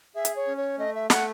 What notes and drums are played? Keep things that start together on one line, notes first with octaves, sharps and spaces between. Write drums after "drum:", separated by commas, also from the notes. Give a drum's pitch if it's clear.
G#4 E5
drum: hi-hat
C#5
C#4
C#5
A3 D#5
E5
A3 F#5, drum: snare